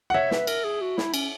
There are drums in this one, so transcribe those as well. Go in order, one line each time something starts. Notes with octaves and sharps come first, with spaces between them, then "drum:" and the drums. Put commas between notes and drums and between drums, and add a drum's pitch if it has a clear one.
F#5
C#5 E5, drum: tom
B4, drum: snare
A#4, drum: cymbal
G#4
F#4
E4, drum: snare
C#4, drum: cymbal